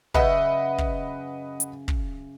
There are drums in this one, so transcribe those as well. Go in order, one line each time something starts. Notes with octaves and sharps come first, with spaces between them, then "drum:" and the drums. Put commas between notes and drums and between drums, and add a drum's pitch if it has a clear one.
F#2 C#3 B4 D#5 E5 F#5, drum: kick
drum: kick
drum: hi-hat
drum: kick